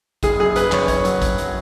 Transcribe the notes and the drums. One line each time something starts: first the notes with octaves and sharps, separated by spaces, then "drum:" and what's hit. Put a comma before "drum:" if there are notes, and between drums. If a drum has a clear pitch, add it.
F#1 G#4, drum: kick A1, hi-hat
F#2 G#4
F#2 B4, drum: hi-hat
F#1 C#5, drum: clap
F#1 C#5, drum: kick A1, hi-hat
F#3, drum: hi-hat
F#1, drum: kick A1, hi-hat
F#3, drum: hi-hat